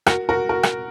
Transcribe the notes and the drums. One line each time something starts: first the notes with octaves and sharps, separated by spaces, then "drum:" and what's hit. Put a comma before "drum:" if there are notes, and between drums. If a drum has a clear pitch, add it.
F#4 A#4, drum: rim click
F#4 A#4
F#4 A#4
drum: rim click